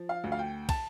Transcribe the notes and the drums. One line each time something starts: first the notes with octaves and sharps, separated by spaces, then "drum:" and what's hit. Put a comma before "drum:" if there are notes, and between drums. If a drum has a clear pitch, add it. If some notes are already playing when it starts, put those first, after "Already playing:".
Already playing: F3
F5
D2
F5
G5
A5, drum: kick, cymbal